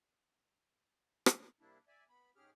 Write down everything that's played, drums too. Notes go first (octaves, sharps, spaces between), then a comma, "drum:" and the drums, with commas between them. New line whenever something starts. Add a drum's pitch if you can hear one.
drum: rim click
C3 G3 A#3 D4 E4
D5 E5 G#5
B3 B5
G#2 C#4 G4 G#4 F6